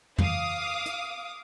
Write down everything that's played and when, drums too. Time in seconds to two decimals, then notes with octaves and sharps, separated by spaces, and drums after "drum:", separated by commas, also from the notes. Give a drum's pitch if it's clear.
0.18 F5 D6 D#6, drum: tom F2
0.86 drum: hi-hat